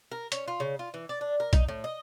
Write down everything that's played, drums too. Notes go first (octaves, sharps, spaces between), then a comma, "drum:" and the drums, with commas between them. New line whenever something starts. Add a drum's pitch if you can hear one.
A#4
C#4, drum: hi-hat
F4
C#3
F4
E3
D5
D4
A#4
D#4, drum: kick, hi-hat
A2
D#5